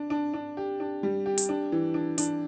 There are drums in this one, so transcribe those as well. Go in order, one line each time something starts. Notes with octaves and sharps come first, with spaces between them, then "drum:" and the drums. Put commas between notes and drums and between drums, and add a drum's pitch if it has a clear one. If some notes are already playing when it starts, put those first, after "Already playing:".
Already playing: D4
D4
D4
G4
D4
G3
G4
drum: hi-hat
D4
E3
D4
D4, drum: hi-hat